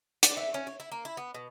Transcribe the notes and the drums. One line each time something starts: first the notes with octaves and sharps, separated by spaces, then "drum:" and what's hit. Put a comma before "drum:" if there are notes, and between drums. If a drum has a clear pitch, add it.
D5, drum: hi-hat
E5
C#4
C#5
E4
A#3
E4
B3
B2